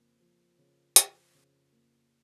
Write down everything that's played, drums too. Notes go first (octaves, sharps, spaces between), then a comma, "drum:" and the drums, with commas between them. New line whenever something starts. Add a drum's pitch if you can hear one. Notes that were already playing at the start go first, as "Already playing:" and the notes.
Already playing: F2 C#3 A#3
F3
C#3
F3, drum: hi-hat
C#3
A#3